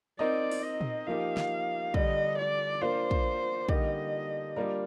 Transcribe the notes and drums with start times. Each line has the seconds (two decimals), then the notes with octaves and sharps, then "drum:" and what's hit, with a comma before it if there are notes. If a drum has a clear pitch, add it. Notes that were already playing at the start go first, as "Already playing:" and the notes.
0.19 C4 D#4 A#4 D5 D#5
0.51 drum: open hi-hat
0.63 D#5
0.81 drum: tom A#2
1.07 F3 A#3 D#4 G4 F5
1.37 drum: snare
1.94 D3 G3 D4 D#5, drum: kick
2.38 D5
2.82 A#3 D4 F4 C5
3.11 drum: kick
3.69 D3 G3 A#3 D#4 G4 D#5, drum: kick
4.56 G3 A#3 D4 F4 A#4